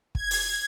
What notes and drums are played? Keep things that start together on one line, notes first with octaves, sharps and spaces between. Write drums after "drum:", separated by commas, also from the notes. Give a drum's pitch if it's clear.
G#6, drum: kick
drum: open hi-hat